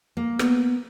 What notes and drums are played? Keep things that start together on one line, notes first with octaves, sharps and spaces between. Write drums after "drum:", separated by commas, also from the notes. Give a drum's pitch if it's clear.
A#3
B3, drum: rim click